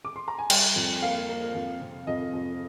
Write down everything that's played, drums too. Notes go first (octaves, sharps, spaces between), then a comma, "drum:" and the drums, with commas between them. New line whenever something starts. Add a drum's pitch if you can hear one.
D6
C6
A#5
G#5
G3 G5, drum: cymbal
F2
A#3 F5
A#3
F2
C3
F2 D#5
F2